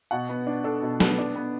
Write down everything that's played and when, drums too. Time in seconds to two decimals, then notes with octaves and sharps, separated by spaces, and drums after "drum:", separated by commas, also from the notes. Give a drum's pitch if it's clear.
0.11 B2 F#5
0.29 B3
0.47 D4
0.64 D4 A4
0.82 B2
1.00 B3, drum: snare
1.18 D4
1.35 B3